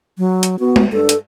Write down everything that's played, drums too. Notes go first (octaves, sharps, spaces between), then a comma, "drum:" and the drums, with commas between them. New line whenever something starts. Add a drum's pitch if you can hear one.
F#3
drum: hi-hat
B3 F#4
drum: tom G#3
G2 D4 A4
drum: hi-hat